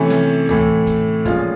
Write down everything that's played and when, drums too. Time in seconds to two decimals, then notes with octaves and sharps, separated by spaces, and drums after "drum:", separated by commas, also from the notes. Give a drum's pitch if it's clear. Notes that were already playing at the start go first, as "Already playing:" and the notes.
Already playing: C3 E3 A3 C#4
0.10 drum: snare
0.49 A2 E3 A3, drum: tom C#2
0.87 drum: kick, hi-hat
1.25 A#2 F3 G#3 C#4 F4, drum: kick, hi-hat